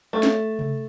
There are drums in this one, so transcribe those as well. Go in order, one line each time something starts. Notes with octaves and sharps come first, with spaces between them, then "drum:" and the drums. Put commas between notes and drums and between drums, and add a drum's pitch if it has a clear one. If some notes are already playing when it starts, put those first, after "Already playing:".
A3
drum: snare
drum: tom C3